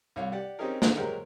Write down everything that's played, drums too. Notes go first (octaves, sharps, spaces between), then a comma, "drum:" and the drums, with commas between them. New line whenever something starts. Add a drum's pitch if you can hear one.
C2 C#5 F5
G4 D5 F#5
C4 C#4 D#4 G4 G#4 A#4
D3 D#3 G#3 A3, drum: snare
F#3 G#3 F#4 G4 A#4 C5